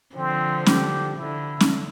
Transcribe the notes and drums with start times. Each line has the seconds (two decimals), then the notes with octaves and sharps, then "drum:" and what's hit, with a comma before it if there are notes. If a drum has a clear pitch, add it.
0.16 D3 F3 C4
0.66 G4, drum: snare C#4
1.18 D3 E4
1.60 drum: snare C#4